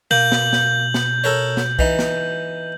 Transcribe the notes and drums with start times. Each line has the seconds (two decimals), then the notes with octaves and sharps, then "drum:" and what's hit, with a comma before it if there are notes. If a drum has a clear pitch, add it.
0.11 B2 A#3 G6 F#7
0.32 drum: snare
0.53 drum: snare
0.94 drum: snare
1.24 A4 A#4 C#5
1.57 drum: snare
1.79 E3 D#4, drum: kick B1
1.99 drum: snare